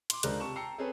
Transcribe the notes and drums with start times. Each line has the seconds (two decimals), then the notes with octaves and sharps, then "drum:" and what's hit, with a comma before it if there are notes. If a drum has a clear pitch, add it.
0.10 C6 D6, drum: hi-hat
0.23 C#2 G#3 D4 A#4 C5 F#6, drum: hi-hat
0.40 C3 A5 C#6 E7
0.56 G5 A5 A#5 E6 C7 C#7
0.78 C4 C#4 G#4 A4 B4